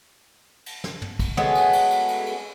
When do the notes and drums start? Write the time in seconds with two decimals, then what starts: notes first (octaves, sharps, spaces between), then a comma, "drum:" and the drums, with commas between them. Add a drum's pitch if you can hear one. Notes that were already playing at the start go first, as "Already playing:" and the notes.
0.66 drum: cymbal
0.84 drum: snare
1.02 drum: tom
1.19 drum: kick, cymbal
1.37 F#3 G#3 A3 B3, drum: tom
1.55 drum: cymbal
1.73 drum: cymbal
1.91 drum: cymbal
2.08 drum: cymbal
2.26 drum: cymbal